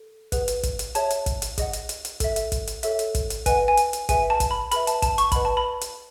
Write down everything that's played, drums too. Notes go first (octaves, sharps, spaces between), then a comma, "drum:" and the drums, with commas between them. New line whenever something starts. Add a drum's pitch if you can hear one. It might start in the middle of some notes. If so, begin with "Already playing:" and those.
Already playing: A4
G#4 B4 F#5, drum: kick, hi-hat
drum: hi-hat
drum: kick, hi-hat
drum: hi-hat
G#4 C#5 E5 A5, drum: hi-hat
drum: hi-hat
drum: kick, hi-hat
drum: hi-hat
G#4 D#5 F#5, drum: kick, hi-hat
drum: hi-hat
drum: hi-hat
drum: hi-hat
A4 E5, drum: kick, hi-hat
drum: hi-hat
drum: kick, hi-hat
drum: hi-hat
A4 C#5 E5, drum: hi-hat
drum: hi-hat
drum: kick, hi-hat
drum: hi-hat
B4 D#5 F#5 G#5, drum: kick, hi-hat
G#5
drum: hi-hat
drum: hi-hat
G#4 B4 E5 G#5, drum: kick, hi-hat
A5
drum: kick, hi-hat
B5
G#4 B4 E5 B5, drum: hi-hat
A5, drum: hi-hat
A5, drum: kick, hi-hat
C#6, drum: hi-hat
B4 D#5 F#5 B5, drum: kick, hi-hat
A5
B5
drum: hi-hat